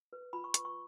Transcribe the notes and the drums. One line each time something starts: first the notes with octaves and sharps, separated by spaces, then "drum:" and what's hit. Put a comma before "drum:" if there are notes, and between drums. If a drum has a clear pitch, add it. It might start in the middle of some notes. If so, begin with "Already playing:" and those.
B4
F4 B5
C#6
B4 C#6, drum: hi-hat
C#6